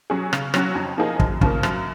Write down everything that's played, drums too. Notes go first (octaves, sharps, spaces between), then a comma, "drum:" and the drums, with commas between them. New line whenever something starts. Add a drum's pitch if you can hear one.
F#3 C#4 G#4
C#3, drum: rim click
F#3 C#4 F#4, drum: rim click
F2
F3 A#3 D#4 G#4
F#2, drum: kick
C#3 F3 A#3, drum: kick
F#2, drum: rim click